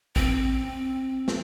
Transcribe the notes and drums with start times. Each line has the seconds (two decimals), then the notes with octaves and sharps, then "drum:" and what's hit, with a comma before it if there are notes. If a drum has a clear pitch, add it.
0.16 C4, drum: kick A1
1.28 drum: snare